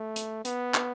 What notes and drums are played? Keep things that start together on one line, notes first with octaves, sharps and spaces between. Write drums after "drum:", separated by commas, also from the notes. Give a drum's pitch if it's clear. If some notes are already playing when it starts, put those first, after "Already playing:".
Already playing: A3
drum: hi-hat
B3, drum: hi-hat
drum: clap